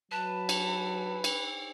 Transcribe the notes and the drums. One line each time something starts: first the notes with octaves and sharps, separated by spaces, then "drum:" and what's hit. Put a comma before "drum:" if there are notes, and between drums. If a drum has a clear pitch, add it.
F#3 B4 A5
drum: cymbal
drum: cymbal